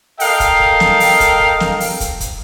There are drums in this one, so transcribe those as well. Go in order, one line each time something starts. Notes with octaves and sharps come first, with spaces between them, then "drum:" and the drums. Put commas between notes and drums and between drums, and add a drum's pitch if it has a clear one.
A4 A#4 D#5 F5 G5, drum: open hi-hat
drum: kick, hi-hat
drum: kick
drum: snare
drum: open hi-hat
drum: kick, hi-hat
drum: kick
drum: snare
drum: open hi-hat
drum: kick, hi-hat
drum: kick, hi-hat